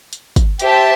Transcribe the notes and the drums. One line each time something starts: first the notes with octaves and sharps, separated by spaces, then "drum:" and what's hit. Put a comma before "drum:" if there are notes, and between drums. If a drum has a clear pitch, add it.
drum: hi-hat
drum: kick, hi-hat
G4 C5 E5 A5, drum: hi-hat